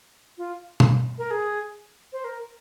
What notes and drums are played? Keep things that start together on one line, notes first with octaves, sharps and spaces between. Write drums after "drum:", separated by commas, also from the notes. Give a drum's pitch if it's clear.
F4
drum: tom B2
A#4
G#4
C5
A#4